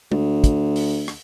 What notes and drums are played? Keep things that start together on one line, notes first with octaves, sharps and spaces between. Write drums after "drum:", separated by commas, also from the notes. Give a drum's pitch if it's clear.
D2, drum: tom
drum: kick, hi-hat
drum: open hi-hat
drum: rim click